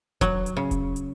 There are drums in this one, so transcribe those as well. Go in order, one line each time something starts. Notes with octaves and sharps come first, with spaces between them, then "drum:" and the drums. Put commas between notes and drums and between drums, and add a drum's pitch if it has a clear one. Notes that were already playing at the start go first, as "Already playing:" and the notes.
F#3, drum: kick E1, hi-hat
drum: hi-hat
C#3
drum: kick E1, hi-hat
drum: hi-hat